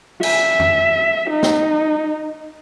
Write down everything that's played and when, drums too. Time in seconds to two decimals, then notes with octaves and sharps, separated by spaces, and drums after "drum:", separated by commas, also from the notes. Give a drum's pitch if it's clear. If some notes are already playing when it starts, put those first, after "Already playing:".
0.23 E5, drum: cymbal
0.60 drum: tom F2
1.30 D#4
1.43 drum: snare